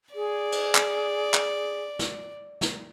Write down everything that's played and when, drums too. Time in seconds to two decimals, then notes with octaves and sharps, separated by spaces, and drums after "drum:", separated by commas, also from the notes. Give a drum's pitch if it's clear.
0.15 G#4 D5
0.52 drum: cymbal
0.75 drum: clap
1.34 drum: clap
1.99 drum: snare
2.61 drum: snare